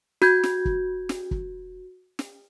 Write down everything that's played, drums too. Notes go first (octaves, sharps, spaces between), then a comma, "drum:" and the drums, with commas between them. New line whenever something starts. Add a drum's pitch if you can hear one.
F#4 G6 G#6, drum: snare
drum: snare
drum: kick
drum: snare
drum: kick
drum: snare